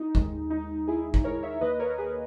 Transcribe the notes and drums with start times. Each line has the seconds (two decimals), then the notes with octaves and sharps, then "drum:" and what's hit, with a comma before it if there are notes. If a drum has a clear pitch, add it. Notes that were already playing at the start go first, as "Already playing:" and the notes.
Already playing: D#4
0.15 D#2 D#3 G#3, drum: kick
0.50 D#4
0.87 E4 G#4
1.14 drum: kick
1.24 A#4 C#5
1.43 C#5 E5
1.61 D#2 D#3 A#3 B4 D#5
1.79 A#4 C#5
1.98 G#4 B4